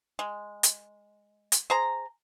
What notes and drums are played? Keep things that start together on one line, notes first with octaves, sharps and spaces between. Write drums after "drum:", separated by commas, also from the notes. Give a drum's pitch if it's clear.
G#3
drum: hi-hat
drum: hi-hat
G#4 C5 A#5